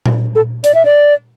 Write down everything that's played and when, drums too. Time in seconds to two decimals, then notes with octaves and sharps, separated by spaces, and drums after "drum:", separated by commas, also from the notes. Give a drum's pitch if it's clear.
0.06 drum: tom A#2
0.35 A4
0.64 D5, drum: hi-hat
0.74 E5
0.85 D5